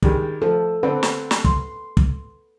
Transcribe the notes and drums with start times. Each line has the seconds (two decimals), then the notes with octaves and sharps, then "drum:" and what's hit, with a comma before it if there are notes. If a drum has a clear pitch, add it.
0.02 D#3 G3 G#3, drum: kick
0.42 F3 A4
0.83 D3 C4 B4
1.03 drum: snare
1.31 drum: snare
1.44 C6, drum: kick
1.97 drum: kick